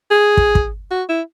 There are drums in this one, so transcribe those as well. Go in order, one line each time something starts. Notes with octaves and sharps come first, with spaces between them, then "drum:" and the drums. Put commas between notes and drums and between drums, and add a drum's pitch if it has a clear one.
G#4
drum: kick
drum: kick
F#4
E4